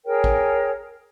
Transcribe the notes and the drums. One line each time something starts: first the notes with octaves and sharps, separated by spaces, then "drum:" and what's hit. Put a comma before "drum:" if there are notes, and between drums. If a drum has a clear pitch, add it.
G#4 A#4 C#5 G5
drum: kick